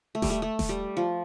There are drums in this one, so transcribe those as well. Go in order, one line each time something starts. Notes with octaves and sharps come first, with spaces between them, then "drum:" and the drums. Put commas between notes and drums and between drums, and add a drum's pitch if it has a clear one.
A3
G3, drum: snare D#1
A3
A3
drum: snare D#1
G3
F3